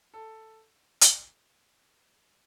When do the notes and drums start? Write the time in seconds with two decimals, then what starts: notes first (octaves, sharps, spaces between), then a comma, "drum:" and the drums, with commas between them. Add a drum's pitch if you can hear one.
0.14 A4
1.01 drum: hi-hat